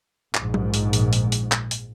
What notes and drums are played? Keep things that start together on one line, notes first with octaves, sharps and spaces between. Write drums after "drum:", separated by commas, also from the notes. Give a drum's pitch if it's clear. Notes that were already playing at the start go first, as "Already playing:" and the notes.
A#1 G#2, drum: clap
drum: tom F#3
drum: hi-hat
drum: hi-hat
drum: hi-hat
drum: hi-hat
drum: clap
drum: hi-hat